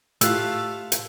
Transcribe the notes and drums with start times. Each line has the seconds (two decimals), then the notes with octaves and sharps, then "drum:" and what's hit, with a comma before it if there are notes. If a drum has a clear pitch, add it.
0.21 A2 A3 F4 G4 F5 E6 F#6, drum: hi-hat
0.92 drum: hi-hat